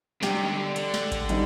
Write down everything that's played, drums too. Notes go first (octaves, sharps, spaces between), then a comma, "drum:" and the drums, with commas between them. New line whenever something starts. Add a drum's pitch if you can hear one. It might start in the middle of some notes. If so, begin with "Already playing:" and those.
C3 G3 D4 G4 D5, drum: snare
D#3
D3
D3, drum: hi-hat
drum: snare
drum: kick A1, hi-hat
D#3 G3 C4 D#4, drum: hi-hat